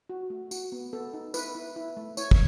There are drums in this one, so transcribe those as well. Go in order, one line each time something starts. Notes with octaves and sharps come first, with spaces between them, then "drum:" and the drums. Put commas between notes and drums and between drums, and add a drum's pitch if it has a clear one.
F#4
A3
F#4, drum: tambourine
B3
B3 A4
D#4
E4 B4, drum: tambourine
E4
E4
A3
E4 C#5, drum: tambourine
drum: kick